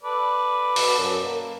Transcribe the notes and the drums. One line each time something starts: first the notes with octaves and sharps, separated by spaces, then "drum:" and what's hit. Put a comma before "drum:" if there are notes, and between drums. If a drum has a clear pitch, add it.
A4 B4 D5
B2, drum: open hi-hat
F#2
A#3